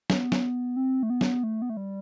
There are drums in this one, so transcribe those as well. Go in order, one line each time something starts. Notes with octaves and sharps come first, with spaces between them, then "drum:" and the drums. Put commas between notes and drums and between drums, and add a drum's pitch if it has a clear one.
B3, drum: snare
drum: snare
C4
A3
B3
drum: snare
A3
B3
A3
G3